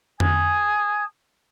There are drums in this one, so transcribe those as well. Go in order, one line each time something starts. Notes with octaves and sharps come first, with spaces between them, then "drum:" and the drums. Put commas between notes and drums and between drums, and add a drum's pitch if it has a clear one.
G#5 A5 D#6 G#6, drum: tom F2